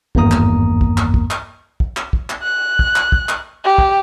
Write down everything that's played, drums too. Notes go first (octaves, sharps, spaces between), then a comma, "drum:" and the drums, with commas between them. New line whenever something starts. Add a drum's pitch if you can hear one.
G#1 E2 G2 A#3 A#5 D#6, drum: kick
drum: clap
drum: kick
drum: clap
drum: kick
drum: clap
drum: kick
drum: clap
drum: kick
drum: clap
F#6
drum: kick
drum: clap
drum: kick
drum: clap
G4
drum: kick